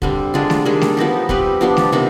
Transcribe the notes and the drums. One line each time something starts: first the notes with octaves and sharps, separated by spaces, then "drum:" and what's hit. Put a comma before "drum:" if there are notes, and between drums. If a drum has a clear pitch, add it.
D3 G3 C4, drum: kick
D3 G#3 D4 F4
drum: snare A3
D#3 G3 D4 G#4
drum: snare A3
F3 B3 D#4 G4
G3 C4 G4 B4, drum: kick
F3 B3 D4 G4
drum: snare A3
C3 D#3 B3 D#4